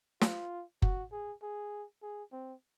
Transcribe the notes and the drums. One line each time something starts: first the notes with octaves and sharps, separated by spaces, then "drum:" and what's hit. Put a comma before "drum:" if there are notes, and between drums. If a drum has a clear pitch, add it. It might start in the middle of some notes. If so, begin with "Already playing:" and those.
F4, drum: snare
F#4, drum: kick F#1
G#4
G#4
G#4
C4